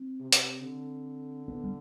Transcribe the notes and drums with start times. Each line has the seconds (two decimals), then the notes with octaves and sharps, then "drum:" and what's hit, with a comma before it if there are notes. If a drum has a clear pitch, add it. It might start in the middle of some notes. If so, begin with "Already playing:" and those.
Already playing: C4
0.20 C3
0.32 drum: hi-hat
0.62 D3
1.48 B3
1.64 G3